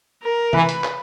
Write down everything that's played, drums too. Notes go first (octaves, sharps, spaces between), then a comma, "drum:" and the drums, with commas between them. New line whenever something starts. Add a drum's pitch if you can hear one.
A#4
E3 B4, drum: tom C3
drum: hi-hat
drum: clap